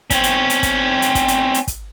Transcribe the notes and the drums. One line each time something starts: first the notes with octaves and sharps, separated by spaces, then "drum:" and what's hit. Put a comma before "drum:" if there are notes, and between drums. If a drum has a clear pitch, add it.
C4 C#4, drum: kick, hi-hat
drum: hi-hat
drum: hi-hat
drum: kick, hi-hat
drum: hi-hat
drum: kick, hi-hat
drum: hi-hat
drum: hi-hat
drum: kick, hi-hat